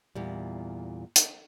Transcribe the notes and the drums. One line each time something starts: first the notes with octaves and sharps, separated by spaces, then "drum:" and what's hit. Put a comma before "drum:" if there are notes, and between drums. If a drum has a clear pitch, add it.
E2 A#2 G3
drum: hi-hat